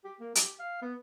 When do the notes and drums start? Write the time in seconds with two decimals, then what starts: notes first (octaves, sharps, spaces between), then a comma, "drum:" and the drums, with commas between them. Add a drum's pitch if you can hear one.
0.05 G4
0.20 A#3
0.35 G4, drum: hi-hat
0.60 F5
0.82 B3